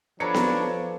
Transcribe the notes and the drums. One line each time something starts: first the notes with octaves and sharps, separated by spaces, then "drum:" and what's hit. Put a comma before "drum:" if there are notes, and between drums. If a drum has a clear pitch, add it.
F3 B3 D4 G4 A4 C#5 A#5 C#7
drum: snare B3